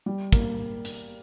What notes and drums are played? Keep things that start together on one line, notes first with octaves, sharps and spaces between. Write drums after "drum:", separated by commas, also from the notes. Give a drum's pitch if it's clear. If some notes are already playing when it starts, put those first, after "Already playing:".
G3
A#3, drum: kick, hi-hat
drum: hi-hat